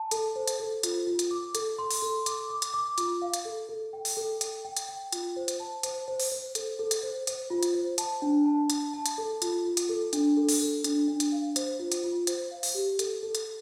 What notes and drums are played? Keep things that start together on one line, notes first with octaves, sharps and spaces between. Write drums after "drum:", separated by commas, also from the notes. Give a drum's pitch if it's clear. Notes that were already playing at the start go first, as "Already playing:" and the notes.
Already playing: A5
A4, drum: hi-hat
C5
drum: hi-hat
A4
F4, drum: hi-hat
F4
drum: hi-hat
D6
A4, drum: hi-hat
C6
drum: open hi-hat
A4
D6, drum: hi-hat
D6
drum: hi-hat
D6
F4, drum: hi-hat
F5
drum: hi-hat
A4
A4
G5
drum: open hi-hat
A4
G5, drum: hi-hat
G5
drum: hi-hat
G5
F4, drum: hi-hat
C5
drum: hi-hat
A5
C5, drum: hi-hat
C5
drum: open hi-hat
C5
A4, drum: hi-hat
A4
drum: hi-hat
C5
C5, drum: hi-hat
F4
drum: hi-hat
C5
A5, drum: hi-hat
D4
A5
A5, drum: hi-hat
A5
drum: hi-hat
A4
F4, drum: hi-hat
F4
drum: hi-hat
A4
D4, drum: hi-hat
A4
drum: open hi-hat
A4
D4, drum: hi-hat
D4
drum: hi-hat
F5
C5, drum: hi-hat
F4
drum: hi-hat
F4
C5, drum: hi-hat
F5
drum: open hi-hat
G4
A4, drum: hi-hat
A4
drum: hi-hat